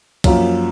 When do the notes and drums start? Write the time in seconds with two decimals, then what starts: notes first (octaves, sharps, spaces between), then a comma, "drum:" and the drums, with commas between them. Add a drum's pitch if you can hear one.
0.24 F#2 F3 A#3, drum: kick, cymbal